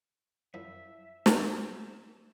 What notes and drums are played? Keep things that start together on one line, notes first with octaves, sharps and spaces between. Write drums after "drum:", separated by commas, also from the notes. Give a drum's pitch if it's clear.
F#2 F3 E4 E5
drum: snare